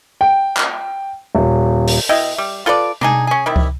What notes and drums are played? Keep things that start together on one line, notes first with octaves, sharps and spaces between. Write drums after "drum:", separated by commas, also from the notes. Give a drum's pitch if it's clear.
G5
drum: clap
D#1
drum: open hi-hat
B2 E4 D#5 G5
G3
F4 A4 B4 D5
D4 D#4 G#4, drum: tom B2
C#4 G#4
C3 D#3 G3 E4
drum: kick C#2